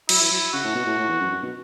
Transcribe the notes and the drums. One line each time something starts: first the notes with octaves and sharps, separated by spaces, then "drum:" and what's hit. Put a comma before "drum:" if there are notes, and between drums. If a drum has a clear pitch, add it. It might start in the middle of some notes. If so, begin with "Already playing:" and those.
F#3 E4, drum: cymbal
E3
F#3
C#3 F#4
A2
B2
A2
A2
E2
F#2
F#2
B2